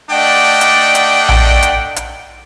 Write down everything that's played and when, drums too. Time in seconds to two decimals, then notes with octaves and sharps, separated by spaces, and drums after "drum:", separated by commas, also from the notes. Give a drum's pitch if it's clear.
0.10 A3 D4 D5 D#5 F#5 G5
0.61 drum: hi-hat
0.95 drum: hi-hat
1.29 drum: tom A#1
1.62 drum: hi-hat
1.96 drum: hi-hat